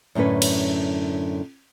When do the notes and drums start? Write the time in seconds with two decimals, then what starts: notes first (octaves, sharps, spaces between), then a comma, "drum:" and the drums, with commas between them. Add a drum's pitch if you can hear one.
0.15 F#2 A2 D3 C#4 B4
0.42 drum: cymbal